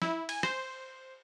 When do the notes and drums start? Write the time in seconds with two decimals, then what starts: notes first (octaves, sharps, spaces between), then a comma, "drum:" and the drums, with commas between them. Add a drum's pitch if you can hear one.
0.02 E4, drum: snare
0.29 G#5, drum: cymbal
0.43 C5, drum: rim click